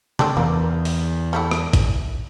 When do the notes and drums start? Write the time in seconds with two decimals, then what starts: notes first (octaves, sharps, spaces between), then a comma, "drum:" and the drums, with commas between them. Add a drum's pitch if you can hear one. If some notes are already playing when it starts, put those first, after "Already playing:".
0.19 A3 C4 D4, drum: tom C3
0.37 E2 A#3
0.85 drum: open hi-hat
1.33 G3 A3 E4
1.51 drum: rim click
1.73 drum: kick A1, hi-hat